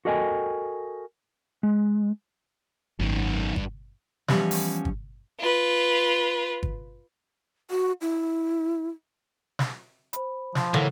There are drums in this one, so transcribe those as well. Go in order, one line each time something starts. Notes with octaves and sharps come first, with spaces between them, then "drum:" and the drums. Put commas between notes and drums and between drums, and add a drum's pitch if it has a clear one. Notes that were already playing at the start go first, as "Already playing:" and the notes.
F#4 A4 A#4 D#5 G5 G#5
G#3
G#1 F#2 D#3
G2, drum: kick
E3 F3 G3 B3 C#4, drum: snare
drum: open hi-hat
drum: kick
F4 B4
drum: kick
F#4
E4
drum: snare
C5 B5, drum: hi-hat
F3, drum: snare
A2 E3 F#3 A#3, drum: tom